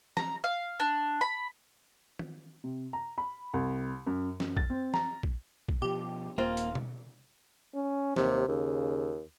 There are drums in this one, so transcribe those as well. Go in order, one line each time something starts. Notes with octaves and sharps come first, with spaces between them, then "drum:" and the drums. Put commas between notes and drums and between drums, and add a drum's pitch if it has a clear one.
A#5, drum: snare
F5
D4
B5
drum: tom D#3
C3
A#5
B5
C2
F#2
F#2, drum: snare
A6, drum: kick A#1
C4
A#5, drum: snare
drum: kick A#1
drum: kick A#1
B2 F3 G4
D#1 A#3 C4 F4
drum: hi-hat
drum: tom B2
C#4
D#2 C3, drum: snare
D#2 C#3